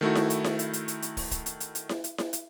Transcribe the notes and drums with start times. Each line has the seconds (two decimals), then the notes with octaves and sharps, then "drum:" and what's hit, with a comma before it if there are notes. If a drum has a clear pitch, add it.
0.01 D#3 A3 E4 F#4
0.15 drum: snare E4
0.30 drum: hi-hat
0.44 drum: snare E4
0.59 drum: hi-hat
0.73 drum: hi-hat
0.88 drum: hi-hat
1.02 drum: hi-hat
1.17 drum: kick, open hi-hat
1.31 drum: kick, hi-hat
1.46 drum: hi-hat
1.60 drum: hi-hat
1.75 drum: hi-hat
1.89 drum: snare E4
2.04 drum: hi-hat
2.18 drum: snare E4
2.33 drum: hi-hat